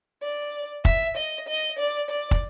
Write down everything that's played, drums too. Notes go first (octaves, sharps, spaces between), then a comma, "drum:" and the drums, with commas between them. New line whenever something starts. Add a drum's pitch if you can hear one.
D5
E5, drum: kick
D#5
D#5
D5
D5
drum: kick